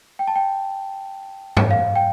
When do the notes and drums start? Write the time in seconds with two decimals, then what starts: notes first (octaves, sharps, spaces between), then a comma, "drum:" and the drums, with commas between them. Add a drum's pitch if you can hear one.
0.19 G5
0.28 A5
0.36 G5
1.57 drum: tom G#2
1.71 F5
1.96 G5